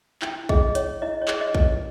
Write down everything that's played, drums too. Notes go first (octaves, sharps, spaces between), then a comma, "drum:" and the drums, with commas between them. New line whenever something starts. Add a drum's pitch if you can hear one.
E4 G5, drum: clap
G#4 D#5, drum: kick
C#5, drum: hi-hat
E4 D#5
C#5
G#4, drum: clap
D#5
B4, drum: kick